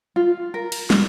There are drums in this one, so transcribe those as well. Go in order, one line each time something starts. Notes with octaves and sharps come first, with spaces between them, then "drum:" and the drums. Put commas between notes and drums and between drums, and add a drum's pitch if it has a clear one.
F4
A#4
drum: cymbal
drum: snare